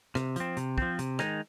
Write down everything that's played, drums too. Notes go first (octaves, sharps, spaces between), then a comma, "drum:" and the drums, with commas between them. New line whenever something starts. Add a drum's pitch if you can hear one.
C3, drum: rim click
F3 C4, drum: hi-hat
C3, drum: hi-hat
F3 C4, drum: kick
C3, drum: hi-hat
D#3 G#3 D#4, drum: rim click